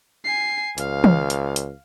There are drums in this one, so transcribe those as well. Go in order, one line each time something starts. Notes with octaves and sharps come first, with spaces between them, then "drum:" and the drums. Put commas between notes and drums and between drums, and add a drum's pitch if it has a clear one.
G#5 C7
C#2 F5, drum: hi-hat
drum: tom
drum: hi-hat
drum: hi-hat